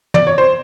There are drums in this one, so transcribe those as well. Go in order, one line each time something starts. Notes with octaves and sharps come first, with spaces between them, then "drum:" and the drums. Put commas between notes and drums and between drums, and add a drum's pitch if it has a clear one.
D5, drum: tom
C#5
C5